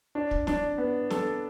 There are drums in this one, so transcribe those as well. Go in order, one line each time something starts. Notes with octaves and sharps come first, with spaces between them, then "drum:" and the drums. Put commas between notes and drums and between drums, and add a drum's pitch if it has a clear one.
D4
drum: kick
D4, drum: snare
B3
A4, drum: snare